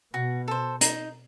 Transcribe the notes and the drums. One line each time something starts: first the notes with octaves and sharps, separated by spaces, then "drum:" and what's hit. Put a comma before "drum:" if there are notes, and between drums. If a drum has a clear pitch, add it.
B2 F#4
A4 C5
D#4, drum: hi-hat